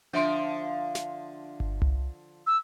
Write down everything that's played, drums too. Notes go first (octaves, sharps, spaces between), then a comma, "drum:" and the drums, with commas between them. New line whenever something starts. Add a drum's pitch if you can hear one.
D3 F3 D4 E5 C6
drum: snare
drum: kick G1
drum: tom C2
E6